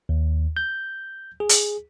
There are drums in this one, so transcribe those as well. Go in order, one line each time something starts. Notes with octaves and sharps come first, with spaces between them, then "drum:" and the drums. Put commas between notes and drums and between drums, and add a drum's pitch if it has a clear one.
D#2
G6
G#4
drum: hi-hat